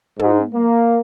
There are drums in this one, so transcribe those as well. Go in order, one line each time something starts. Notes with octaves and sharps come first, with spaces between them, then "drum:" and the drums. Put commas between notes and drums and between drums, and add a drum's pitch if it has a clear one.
G#2, drum: tom
A#3